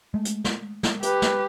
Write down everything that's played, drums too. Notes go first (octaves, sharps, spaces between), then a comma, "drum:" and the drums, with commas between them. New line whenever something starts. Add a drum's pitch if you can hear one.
G#3 A3
drum: hi-hat
drum: snare
drum: snare
G4 B4, drum: hi-hat
drum: snare